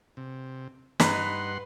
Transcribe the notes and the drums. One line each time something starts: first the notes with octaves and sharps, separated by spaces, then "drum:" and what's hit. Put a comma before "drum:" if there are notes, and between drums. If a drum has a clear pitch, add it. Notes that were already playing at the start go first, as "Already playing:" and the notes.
C3
G2 D#4 B4 F#5 C6, drum: snare